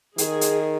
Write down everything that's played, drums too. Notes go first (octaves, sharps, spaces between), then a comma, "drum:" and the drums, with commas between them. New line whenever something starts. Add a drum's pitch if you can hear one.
D#3 G#4, drum: hi-hat
drum: hi-hat